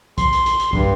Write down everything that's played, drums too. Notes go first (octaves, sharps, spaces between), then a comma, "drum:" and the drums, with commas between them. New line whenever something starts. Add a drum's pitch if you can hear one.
C6, drum: kick, hi-hat
drum: hi-hat
drum: hi-hat
drum: hi-hat
G2, drum: kick